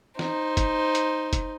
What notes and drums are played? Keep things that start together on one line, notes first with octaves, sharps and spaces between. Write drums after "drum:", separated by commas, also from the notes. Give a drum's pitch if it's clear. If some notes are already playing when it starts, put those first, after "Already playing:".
D#4 C5, drum: snare
drum: kick, hi-hat
drum: hi-hat
drum: kick, hi-hat